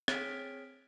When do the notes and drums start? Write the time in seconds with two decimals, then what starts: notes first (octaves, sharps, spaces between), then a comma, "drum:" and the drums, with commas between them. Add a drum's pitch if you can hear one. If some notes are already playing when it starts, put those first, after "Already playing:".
0.08 C4 G#4 C#5 F6 B6 D7, drum: rim click